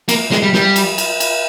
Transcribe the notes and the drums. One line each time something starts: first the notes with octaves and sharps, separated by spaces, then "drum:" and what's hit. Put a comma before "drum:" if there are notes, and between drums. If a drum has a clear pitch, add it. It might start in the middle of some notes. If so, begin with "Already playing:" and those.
A#3, drum: cymbal
G#3, drum: snare
G3
G3, drum: snare
drum: cymbal
drum: cymbal
drum: cymbal